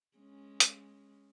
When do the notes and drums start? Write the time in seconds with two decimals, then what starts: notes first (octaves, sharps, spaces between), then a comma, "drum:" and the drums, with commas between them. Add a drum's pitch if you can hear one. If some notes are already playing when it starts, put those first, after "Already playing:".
0.17 G#3 C#4
0.60 drum: hi-hat